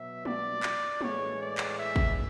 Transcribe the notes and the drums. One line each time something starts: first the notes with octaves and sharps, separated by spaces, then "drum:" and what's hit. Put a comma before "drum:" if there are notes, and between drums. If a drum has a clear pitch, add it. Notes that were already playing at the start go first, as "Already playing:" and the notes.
Already playing: B2 F#3 E5
D5, drum: tom
drum: clap
A2 E3 G#3 C#5, drum: tom
D5
drum: clap
E5
drum: kick